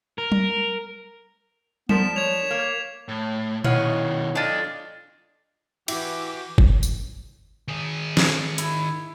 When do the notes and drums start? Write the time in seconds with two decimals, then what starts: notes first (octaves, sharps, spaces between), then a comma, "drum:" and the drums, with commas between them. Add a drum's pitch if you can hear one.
0.18 A#4
0.32 drum: tom F#3
1.89 F3 B3 D4 A#4 B6 E7, drum: tom F#3
2.16 C#5 G#6 F7
2.51 A#3
3.08 A2
3.64 B2 D#3 E4 C#5 F5 F#5, drum: tom A#2
4.35 D4 F4 A4 D#5
5.88 E3 E4 F#4 G4 D6, drum: cymbal
6.58 drum: kick G1
6.83 drum: tambourine
7.68 D#3 G#4
8.17 drum: snare
8.58 E4, drum: hi-hat